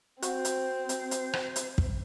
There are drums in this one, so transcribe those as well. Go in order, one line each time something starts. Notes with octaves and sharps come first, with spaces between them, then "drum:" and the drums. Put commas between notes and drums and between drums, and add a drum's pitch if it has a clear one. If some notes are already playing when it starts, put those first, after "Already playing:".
C4 F#4 C5, drum: hi-hat
drum: hi-hat
drum: hi-hat
drum: hi-hat
drum: rim click
drum: hi-hat
drum: kick